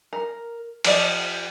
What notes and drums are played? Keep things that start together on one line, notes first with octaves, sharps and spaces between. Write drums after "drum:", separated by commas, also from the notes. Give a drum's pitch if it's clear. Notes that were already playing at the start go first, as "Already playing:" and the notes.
A#4
F3 G4 D5 D#5, drum: cymbal